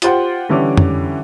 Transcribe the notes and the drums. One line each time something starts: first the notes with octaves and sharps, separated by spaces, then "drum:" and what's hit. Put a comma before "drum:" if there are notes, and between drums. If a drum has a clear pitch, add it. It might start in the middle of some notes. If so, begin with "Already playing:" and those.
F4 G4 C5 F#5 G5, drum: hi-hat
D3 E3 G3 C#4 D6
drum: tom F2